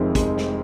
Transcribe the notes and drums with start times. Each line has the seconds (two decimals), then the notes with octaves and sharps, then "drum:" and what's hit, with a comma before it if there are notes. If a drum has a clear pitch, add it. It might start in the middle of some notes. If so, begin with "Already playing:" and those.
Already playing: F1 F2 D#3 G#3 C4
0.15 F1 G#3, drum: kick, hi-hat
0.38 drum: snare